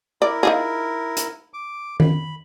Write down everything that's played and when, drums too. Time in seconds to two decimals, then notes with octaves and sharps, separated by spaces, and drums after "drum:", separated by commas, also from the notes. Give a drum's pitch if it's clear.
0.22 E4 A#4 D5
0.43 D#4 F4 G#4
1.17 drum: hi-hat
1.54 D6
2.00 B5, drum: tom D#3